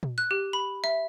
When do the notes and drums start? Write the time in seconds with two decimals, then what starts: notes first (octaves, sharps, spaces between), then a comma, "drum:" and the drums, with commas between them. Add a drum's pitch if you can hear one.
0.03 drum: tom A#2
0.18 F#6
0.31 G4
0.53 B5
0.84 E5